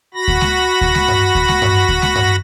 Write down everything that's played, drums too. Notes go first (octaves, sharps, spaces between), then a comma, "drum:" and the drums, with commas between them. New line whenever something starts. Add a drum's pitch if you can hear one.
F#4 B5 A#6
drum: kick D2
drum: snare G#3
drum: kick D2
drum: snare G#3
drum: tom G2
drum: kick D2
drum: snare G#3
drum: tom G2
drum: kick D2
drum: snare G#3
drum: tom G2